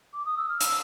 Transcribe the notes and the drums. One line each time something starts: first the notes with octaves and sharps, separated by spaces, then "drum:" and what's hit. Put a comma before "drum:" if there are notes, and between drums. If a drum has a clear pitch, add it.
D6
D#6
E6
F6
E6, drum: hi-hat